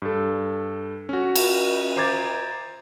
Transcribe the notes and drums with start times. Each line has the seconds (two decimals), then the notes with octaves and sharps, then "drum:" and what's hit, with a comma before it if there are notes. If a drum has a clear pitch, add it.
0.02 G2 A4
1.09 C#4 F#4
1.36 drum: cymbal
1.97 C5 A#5 D6 G#6 A6